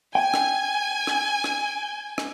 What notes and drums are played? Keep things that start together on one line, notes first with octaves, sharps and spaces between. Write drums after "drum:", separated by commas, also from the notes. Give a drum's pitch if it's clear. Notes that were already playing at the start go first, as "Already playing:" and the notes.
G5 G#5
drum: rim click
drum: rim click
drum: rim click
drum: rim click